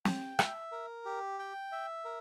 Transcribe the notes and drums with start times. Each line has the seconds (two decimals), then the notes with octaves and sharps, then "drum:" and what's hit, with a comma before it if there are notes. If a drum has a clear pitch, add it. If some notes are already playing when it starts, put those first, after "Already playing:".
0.05 G5, drum: snare
0.39 E5, drum: rim click
0.72 A#4
1.05 G4
1.39 G5
1.72 E5
2.05 A#4